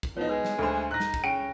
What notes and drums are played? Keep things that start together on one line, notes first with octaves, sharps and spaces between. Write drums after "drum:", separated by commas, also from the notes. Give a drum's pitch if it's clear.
drum: kick
F3 B3 D#4 C#5
G#3 B4
drum: snare
D2 A4 C5 B5
D#4 F#6 A#6
drum: snare
drum: kick
C#3 G5 D7